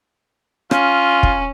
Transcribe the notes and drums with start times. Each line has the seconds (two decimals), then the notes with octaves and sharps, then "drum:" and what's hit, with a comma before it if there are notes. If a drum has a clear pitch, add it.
0.71 C#4 F4, drum: rim click
1.23 drum: kick